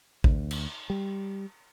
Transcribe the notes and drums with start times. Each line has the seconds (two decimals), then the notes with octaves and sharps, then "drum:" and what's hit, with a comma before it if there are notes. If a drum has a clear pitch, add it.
0.24 D2, drum: kick A1
0.51 drum: cymbal
0.90 G3